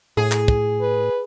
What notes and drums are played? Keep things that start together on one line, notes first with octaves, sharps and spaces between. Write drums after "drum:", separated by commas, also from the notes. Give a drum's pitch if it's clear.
A2 G#4
drum: clap
drum: kick
B4